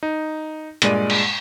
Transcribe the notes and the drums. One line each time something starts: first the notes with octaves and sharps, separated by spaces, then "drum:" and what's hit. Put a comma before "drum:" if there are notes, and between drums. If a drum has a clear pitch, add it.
D#4
G2 A#2 G#3 D5 D#7, drum: hi-hat
drum: cymbal